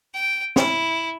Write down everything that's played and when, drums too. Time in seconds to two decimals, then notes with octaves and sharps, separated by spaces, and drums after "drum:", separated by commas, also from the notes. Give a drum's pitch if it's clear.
0.14 G5
0.56 E4, drum: snare